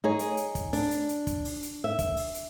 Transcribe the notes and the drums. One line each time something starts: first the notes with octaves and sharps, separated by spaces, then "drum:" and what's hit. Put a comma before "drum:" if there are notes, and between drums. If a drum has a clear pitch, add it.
D#4 G#4 C#5
drum: hi-hat
drum: hi-hat
drum: kick, hi-hat
D4, drum: open hi-hat
drum: hi-hat
drum: hi-hat
drum: kick, hi-hat
drum: open hi-hat
drum: hi-hat
E5
drum: kick, hi-hat
drum: open hi-hat
drum: hi-hat